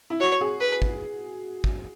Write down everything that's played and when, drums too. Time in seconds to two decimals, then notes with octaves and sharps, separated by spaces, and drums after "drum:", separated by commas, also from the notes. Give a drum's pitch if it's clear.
0.10 E4
0.20 F#4 C#5
0.41 G#4
0.61 B4
0.82 drum: kick
1.64 drum: kick